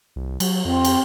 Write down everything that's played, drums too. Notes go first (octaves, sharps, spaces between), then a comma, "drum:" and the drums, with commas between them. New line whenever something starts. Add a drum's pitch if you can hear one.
C2
F#3, drum: cymbal
F2 C4
drum: cymbal